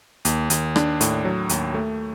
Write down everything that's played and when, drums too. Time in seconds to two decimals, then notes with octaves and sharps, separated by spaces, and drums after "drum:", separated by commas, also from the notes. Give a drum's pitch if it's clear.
0.25 D#2, drum: hi-hat
0.50 D#2, drum: hi-hat
0.76 D4, drum: rim click
1.01 A2, drum: hi-hat
1.25 F#3
1.49 D#2, drum: hi-hat
1.74 A3